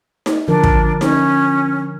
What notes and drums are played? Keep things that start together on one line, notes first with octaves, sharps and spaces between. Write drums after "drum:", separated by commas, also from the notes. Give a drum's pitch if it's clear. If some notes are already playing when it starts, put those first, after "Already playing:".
drum: snare D#4
D3 F3 D4 A#4
drum: kick
C#4, drum: snare D#4